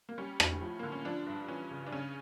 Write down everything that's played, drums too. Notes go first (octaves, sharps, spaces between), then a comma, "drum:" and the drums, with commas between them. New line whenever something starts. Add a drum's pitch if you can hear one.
A#3
G3 C#4
A2, drum: rim click
F3
D3 A#3
C#4
F3 D4
G2
E3 C#4
C#3
D4
C#3 C#4